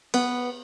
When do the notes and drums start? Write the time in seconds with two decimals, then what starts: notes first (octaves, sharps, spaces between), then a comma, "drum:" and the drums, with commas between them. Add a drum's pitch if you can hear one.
0.14 B3, drum: cymbal